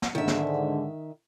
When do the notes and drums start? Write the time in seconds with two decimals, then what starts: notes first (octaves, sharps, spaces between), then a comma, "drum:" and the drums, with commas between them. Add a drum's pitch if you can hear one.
0.02 drum: snare
0.15 G#2 D3 D#3 E5
0.27 drum: snare